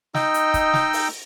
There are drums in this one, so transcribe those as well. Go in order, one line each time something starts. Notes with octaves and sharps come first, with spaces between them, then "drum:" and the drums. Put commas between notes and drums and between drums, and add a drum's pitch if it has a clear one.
D#4 D#5 G5 E6, drum: snare
drum: hi-hat
drum: kick, hi-hat
drum: snare
drum: open hi-hat